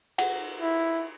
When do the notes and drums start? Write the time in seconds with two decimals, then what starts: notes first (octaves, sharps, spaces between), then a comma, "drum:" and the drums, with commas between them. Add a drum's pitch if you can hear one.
0.18 F#5, drum: cymbal
0.61 E4